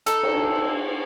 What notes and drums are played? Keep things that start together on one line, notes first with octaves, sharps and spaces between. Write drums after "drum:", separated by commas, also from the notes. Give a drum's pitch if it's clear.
D#4 A4, drum: hi-hat
drum: cymbal